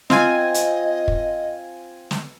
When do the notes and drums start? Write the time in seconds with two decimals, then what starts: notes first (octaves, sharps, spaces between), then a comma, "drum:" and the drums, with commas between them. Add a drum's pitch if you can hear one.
0.10 C4 F4 D#5 G#5, drum: snare
0.54 drum: hi-hat
1.08 drum: kick
2.11 drum: snare